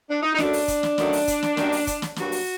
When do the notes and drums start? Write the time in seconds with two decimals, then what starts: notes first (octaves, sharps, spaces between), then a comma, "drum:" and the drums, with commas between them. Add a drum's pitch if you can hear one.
0.09 D4
0.23 D#4
0.34 D#4
0.38 F#2 F#3 A3 D4, drum: snare
0.53 drum: open hi-hat
0.68 drum: kick, hi-hat
0.83 drum: snare
0.98 F#2 D#3 F#3 A3, drum: snare
1.13 drum: open hi-hat
1.28 drum: kick, hi-hat
1.43 drum: snare
1.57 F#2 D#3 G3 A#3, drum: snare
1.72 drum: open hi-hat
1.87 drum: kick, hi-hat
2.02 drum: snare
2.16 G2 F#3 A#3 F#4, drum: snare
2.32 drum: open hi-hat